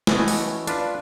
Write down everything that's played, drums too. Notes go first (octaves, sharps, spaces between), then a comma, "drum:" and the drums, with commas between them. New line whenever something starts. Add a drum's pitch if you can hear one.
E3 A3 C#4 F#4 C#5 D#5, drum: snare
drum: open hi-hat
D4 F4 B4, drum: hi-hat